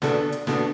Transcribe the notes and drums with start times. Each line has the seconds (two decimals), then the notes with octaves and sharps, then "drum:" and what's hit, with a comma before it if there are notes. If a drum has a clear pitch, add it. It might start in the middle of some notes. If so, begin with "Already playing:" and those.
0.02 B3 D4 F#4 A4, drum: snare
0.32 drum: hi-hat
0.47 B3 D4 F#4 A4, drum: snare